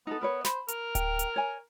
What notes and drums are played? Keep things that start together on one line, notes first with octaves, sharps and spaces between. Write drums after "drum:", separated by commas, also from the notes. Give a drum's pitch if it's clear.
B3 D#4 A4
A#4 B4 C#5
C5 B5, drum: snare
A#4, drum: hi-hat
G5, drum: kick D1, hi-hat
drum: hi-hat
C#5 G#5